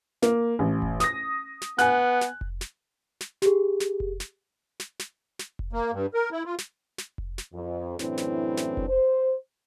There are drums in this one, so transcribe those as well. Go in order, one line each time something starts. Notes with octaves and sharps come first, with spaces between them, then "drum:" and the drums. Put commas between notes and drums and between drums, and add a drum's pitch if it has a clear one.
A#3, drum: snare
A1
drum: kick F1
D#6 A#6, drum: snare
drum: snare
B3 G#5 F#6, drum: snare
drum: snare
drum: kick F1
drum: snare
drum: snare
G4 G#4, drum: snare
drum: snare
drum: kick F1
drum: snare
drum: snare
drum: snare
drum: snare
drum: kick F1
A#3
G2
A#4
E4
F4
drum: snare
drum: snare
drum: kick F1
drum: snare
F2
F#2 A2 E3 C4 D4 E4, drum: snare
drum: snare
drum: snare
drum: kick F1
C5